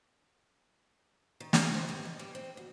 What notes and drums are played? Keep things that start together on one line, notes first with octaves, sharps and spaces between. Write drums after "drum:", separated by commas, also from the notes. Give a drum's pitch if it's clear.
D#3
G#5, drum: snare
C4
G2
D#5
G3
C4
D2